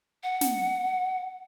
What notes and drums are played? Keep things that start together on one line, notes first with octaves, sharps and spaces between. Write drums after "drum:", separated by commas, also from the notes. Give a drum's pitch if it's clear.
F#5
drum: snare